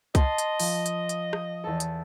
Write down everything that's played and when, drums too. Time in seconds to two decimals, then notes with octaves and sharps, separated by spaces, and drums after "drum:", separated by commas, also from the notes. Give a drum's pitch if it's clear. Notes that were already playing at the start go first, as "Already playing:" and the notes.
0.15 D#5 A5 C6 C7, drum: kick C2, hi-hat
0.38 drum: hi-hat
0.60 F3, drum: open hi-hat
0.86 drum: hi-hat
1.09 drum: hi-hat
1.33 drum: rim click
1.64 E2 A4
1.80 drum: hi-hat